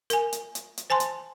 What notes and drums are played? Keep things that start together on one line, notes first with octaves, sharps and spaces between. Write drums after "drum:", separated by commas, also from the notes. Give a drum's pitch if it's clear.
A#4 G#5, drum: hi-hat
drum: hi-hat
drum: hi-hat
drum: hi-hat
C5 G#5 A5 C6
drum: hi-hat